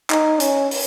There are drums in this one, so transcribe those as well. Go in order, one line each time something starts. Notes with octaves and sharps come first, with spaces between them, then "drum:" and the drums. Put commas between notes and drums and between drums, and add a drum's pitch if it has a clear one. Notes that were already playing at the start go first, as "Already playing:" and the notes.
D#4, drum: clap
C#4, drum: hi-hat
drum: open hi-hat